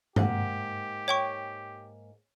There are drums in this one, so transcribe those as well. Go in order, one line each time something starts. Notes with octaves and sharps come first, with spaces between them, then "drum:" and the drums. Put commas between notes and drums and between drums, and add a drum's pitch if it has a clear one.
G#2 A#3 G4 F#5, drum: tom G2
C#5 G5 C#6